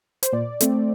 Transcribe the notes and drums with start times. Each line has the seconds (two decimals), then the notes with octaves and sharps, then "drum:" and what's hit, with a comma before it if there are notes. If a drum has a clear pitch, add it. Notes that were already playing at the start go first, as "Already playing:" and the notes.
0.23 C5, drum: hi-hat
0.33 A#2 D5
0.61 A3 C4, drum: hi-hat